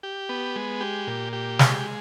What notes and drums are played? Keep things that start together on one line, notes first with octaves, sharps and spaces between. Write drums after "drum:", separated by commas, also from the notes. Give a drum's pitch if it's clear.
G4
B3
G#3
G4
A#2
G4
G#3, drum: snare